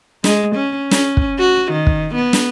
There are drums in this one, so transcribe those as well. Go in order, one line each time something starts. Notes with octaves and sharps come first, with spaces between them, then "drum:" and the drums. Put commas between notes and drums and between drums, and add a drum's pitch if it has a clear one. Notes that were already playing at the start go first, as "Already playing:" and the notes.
G#3, drum: snare
C#4
C#4, drum: snare
drum: kick
F#4
D#3
drum: kick
B3
drum: snare